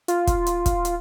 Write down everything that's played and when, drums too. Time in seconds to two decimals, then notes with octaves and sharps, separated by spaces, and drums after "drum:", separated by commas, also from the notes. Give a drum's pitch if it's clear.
0.08 F4, drum: hi-hat
0.27 drum: kick, hi-hat
0.46 drum: hi-hat
0.66 drum: kick, hi-hat
0.85 drum: hi-hat